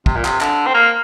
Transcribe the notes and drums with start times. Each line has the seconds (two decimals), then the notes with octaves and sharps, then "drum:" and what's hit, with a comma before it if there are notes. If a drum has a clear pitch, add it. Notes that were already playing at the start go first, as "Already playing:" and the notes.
0.06 C3, drum: kick
0.15 A#2
0.25 C3, drum: clap
0.41 D3, drum: clap
0.67 C4
0.74 A#3